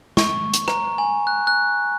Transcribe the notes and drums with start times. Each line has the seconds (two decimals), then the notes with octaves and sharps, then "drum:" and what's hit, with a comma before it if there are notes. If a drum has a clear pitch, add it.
0.17 C#6, drum: snare
0.54 drum: hi-hat
0.68 A#5, drum: rim click
0.98 G#5
1.27 F#6
1.47 F#6